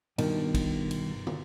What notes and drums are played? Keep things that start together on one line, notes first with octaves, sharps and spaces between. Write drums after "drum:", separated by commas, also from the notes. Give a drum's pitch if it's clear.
G2 B2 D#3, drum: cymbal
drum: kick, cymbal
drum: cymbal
drum: tom